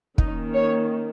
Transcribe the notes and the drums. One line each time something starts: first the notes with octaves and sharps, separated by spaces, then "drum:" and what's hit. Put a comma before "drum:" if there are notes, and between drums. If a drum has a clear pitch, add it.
D#3 A#3 C#4 D#4, drum: kick
C#5